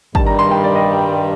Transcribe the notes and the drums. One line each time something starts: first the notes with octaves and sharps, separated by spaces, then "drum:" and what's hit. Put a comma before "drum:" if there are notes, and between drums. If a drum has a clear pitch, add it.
G2 D#3 G3 A5, drum: kick
A#5
C6
G5
D5
D#5